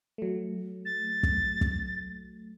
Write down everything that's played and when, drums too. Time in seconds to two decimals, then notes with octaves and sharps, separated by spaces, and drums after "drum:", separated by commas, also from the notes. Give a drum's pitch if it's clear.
0.18 F#3 A3
0.85 A6
1.23 drum: kick
1.61 drum: kick